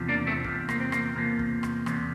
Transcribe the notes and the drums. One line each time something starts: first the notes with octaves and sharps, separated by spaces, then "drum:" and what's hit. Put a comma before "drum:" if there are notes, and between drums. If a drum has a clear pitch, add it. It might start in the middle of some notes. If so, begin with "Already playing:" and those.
Already playing: E2 C3 F3
A#3 D4
A3 C4
E2 C3 F3, drum: kick
A#3, drum: rim click
C4
A#3, drum: rim click
E2 C3 F3 A#3
drum: kick
drum: rim click
E2 C3 F3, drum: rim click